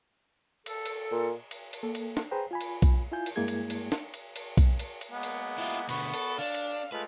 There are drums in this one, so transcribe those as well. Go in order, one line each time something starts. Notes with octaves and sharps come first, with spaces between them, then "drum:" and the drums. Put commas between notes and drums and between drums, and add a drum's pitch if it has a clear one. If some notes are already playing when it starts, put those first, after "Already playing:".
A4, drum: cymbal
drum: cymbal
A#2
drum: cymbal
drum: cymbal
A#3 A4
drum: cymbal
drum: snare
G#4 B4 C5 G5 A#5
F4 G#5 B5
drum: cymbal
drum: kick B1, cymbal
E4 F4 G#5 G6
drum: cymbal
G2 G#3 A#3 E4 G#4 G#6
drum: cymbal
drum: cymbal
drum: snare
drum: cymbal
drum: cymbal
drum: kick B1, cymbal
drum: cymbal
drum: cymbal
G#3 A#3 B3
drum: cymbal
E4 F4
B2 D3 B3 B4 C#6, drum: cymbal
A4, drum: cymbal
D4 F5
drum: cymbal
G#3 A3 F4 B4